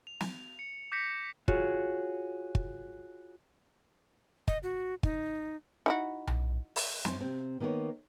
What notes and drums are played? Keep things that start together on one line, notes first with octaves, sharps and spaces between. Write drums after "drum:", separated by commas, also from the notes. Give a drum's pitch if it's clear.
F7
drum: snare
C#7
D6 G6 A#6 B6 C#7
F4 F#4 G#4 C#5, drum: kick
drum: kick
D#5, drum: kick
F#4
D#4, drum: kick
D#4 E4 F#4
drum: tom B1
drum: open hi-hat
F#2 C4 C5, drum: snare
C3 C4
D#3 A#3 B3 G4 A#4 C#5